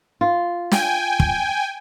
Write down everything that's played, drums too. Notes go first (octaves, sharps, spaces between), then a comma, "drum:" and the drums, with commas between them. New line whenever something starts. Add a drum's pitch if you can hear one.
F4
G5 G#5, drum: snare
drum: kick